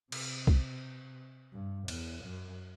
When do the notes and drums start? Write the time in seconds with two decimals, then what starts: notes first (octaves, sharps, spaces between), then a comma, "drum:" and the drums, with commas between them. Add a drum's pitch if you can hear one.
0.12 C3, drum: cymbal
0.47 drum: kick
1.53 G2
1.88 E2, drum: cymbal
2.24 F#2